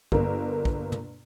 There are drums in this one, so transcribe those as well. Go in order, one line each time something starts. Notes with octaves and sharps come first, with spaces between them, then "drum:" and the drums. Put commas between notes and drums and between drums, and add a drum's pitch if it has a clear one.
G1 A#3 A#4, drum: kick
drum: kick
drum: tom